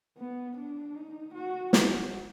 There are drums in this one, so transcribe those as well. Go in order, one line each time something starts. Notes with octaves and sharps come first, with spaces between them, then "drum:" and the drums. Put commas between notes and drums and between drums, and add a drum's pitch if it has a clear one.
B3
D4
D#4
F#4
F#4, drum: snare